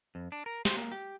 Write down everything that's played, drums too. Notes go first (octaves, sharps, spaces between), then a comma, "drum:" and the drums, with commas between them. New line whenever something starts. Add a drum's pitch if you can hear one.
F2
D4
A#4
C5, drum: snare
A#3
G4